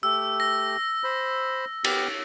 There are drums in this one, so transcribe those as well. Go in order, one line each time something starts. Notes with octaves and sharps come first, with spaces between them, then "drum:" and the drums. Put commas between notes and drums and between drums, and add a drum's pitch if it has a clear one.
A3 G4 E6
A#6
C5 B5
B3 G4 F6, drum: cymbal